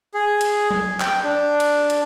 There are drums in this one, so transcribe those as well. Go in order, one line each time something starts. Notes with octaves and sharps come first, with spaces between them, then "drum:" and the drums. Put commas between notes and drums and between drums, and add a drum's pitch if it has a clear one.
G#4
drum: cymbal
drum: tom F#3
G5, drum: clap
D4
drum: cymbal
drum: cymbal